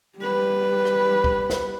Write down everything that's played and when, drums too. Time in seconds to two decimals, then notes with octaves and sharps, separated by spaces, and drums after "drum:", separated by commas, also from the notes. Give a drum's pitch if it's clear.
0.18 G3 B4
0.85 drum: rim click
1.24 drum: kick
1.50 drum: snare